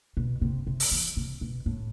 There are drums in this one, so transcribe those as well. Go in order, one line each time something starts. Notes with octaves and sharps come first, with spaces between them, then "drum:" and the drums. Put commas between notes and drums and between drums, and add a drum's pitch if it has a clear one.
B2
C3
C3
drum: open hi-hat
E3
C3
B2
A2